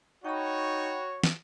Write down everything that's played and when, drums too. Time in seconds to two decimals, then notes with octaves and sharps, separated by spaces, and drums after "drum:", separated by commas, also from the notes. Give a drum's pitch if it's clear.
0.25 D#4 F#4 C#5 G5 B5 C#6
1.24 drum: snare